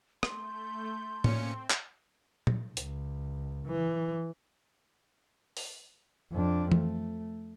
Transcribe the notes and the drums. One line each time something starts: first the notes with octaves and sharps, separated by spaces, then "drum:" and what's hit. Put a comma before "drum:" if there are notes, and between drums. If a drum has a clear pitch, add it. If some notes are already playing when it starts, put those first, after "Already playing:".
A3 C6 G6, drum: rim click
A#2 C4 C#4 C#7, drum: tom A2
drum: clap
drum: tom A#2
C#2, drum: hi-hat
E3
drum: open hi-hat
F2 D4
A3, drum: tom E3